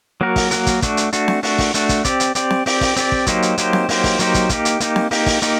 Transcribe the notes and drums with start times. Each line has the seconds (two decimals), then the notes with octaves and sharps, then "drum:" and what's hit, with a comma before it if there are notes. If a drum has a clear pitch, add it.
0.21 F#3 A#3 F#4 A#4
0.36 drum: kick, open hi-hat
0.51 F#3 A#3 F#4 A#4, drum: hi-hat
0.67 drum: kick, hi-hat
0.82 A3 D4 F#4, drum: kick, hi-hat
0.97 drum: hi-hat
1.13 A3 D4 F#4, drum: hi-hat
1.28 drum: snare C4
1.43 A3 D4 F#4, drum: open hi-hat
1.58 drum: kick, open hi-hat
1.74 A3 D4 F#4, drum: hi-hat
1.89 drum: kick, hi-hat
2.05 C4 G4 D5, drum: kick, hi-hat
2.20 drum: hi-hat
2.35 C4 G4 D5, drum: hi-hat
2.50 drum: snare C4
2.66 C4 G4 D5, drum: open hi-hat
2.81 drum: kick, open hi-hat
2.96 C4 G4 D5, drum: hi-hat
3.12 drum: kick
3.27 F#3 A#3 D#4 G4 C5, drum: kick, hi-hat
3.42 drum: hi-hat
3.58 F#3 A#3 D#4 G4 C5, drum: hi-hat
3.73 drum: snare C4
3.89 F#3 A#3 D#4 G4 C5, drum: open hi-hat
4.04 drum: kick, open hi-hat
4.19 F#3 A#3 D#4 G4 C5, drum: hi-hat
4.34 drum: kick, hi-hat
4.49 A#3 D#4 G4, drum: kick, hi-hat
4.65 drum: hi-hat
4.80 A#3 D#4 G4, drum: hi-hat
4.96 drum: snare C4
5.11 A#3 D#4 G4, drum: open hi-hat
5.26 drum: kick, open hi-hat
5.42 A#3 D#4 G4, drum: hi-hat